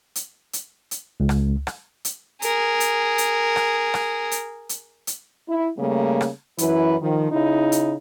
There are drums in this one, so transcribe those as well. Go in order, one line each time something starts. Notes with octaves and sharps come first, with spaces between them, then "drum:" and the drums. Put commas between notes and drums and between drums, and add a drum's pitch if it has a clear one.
drum: hi-hat
drum: hi-hat
drum: hi-hat
C#2
drum: rim click
drum: rim click
drum: hi-hat
G#4 A#4, drum: hi-hat
drum: hi-hat
drum: hi-hat
drum: rim click
drum: rim click
drum: hi-hat
drum: hi-hat
drum: hi-hat
E4
C#3 G3 A3 A#3
drum: rim click
F#2 E3 E4 B4, drum: hi-hat
D#3 F3
C#3 D#4 E4
drum: hi-hat